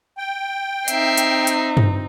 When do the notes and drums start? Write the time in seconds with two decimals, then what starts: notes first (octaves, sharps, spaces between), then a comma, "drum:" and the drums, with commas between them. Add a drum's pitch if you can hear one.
0.18 G5
0.88 C4 D#4 E5 C7, drum: hi-hat
1.17 drum: hi-hat
1.47 drum: hi-hat
1.77 drum: tom G2